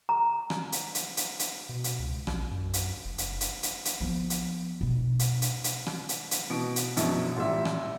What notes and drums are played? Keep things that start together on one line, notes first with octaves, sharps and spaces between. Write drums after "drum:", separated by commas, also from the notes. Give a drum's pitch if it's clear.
A#5
drum: rim click
drum: hi-hat
drum: hi-hat
drum: hi-hat
drum: hi-hat
B2
drum: hi-hat
C#2
A#1, drum: rim click
F#2
drum: hi-hat
F1
drum: hi-hat
drum: hi-hat
drum: hi-hat
drum: hi-hat
F3 B3
drum: hi-hat
B2 D4
drum: hi-hat
drum: hi-hat
drum: hi-hat
drum: rim click
drum: hi-hat
drum: hi-hat
B2 D7
drum: hi-hat
A#1 F#2 B2, drum: hi-hat
A1 A#2 G3 E5
drum: rim click